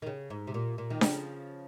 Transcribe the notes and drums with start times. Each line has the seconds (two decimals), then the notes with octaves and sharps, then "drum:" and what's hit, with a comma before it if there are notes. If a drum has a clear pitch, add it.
0.02 D#3
0.06 C#3
0.30 G#2
0.47 C3
0.54 A#2
0.78 A#2
0.90 D#3
1.01 C#3 F3, drum: snare D4